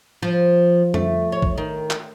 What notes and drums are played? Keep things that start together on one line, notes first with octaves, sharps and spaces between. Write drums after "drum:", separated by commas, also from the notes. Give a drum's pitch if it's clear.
F3
A3, drum: tom
C#5
drum: kick
D#3
drum: clap